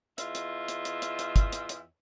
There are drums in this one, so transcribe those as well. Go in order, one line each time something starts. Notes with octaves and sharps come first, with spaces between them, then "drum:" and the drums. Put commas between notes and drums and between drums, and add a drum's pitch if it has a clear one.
E2 F4 D#5 E5, drum: hi-hat
drum: hi-hat
drum: hi-hat
drum: hi-hat
drum: hi-hat
drum: hi-hat
drum: kick, hi-hat
drum: hi-hat
drum: hi-hat